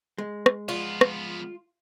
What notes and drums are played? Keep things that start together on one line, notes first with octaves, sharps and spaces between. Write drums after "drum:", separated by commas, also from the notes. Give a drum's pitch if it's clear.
G#3
drum: rim click
F3 B3 F4
drum: rim click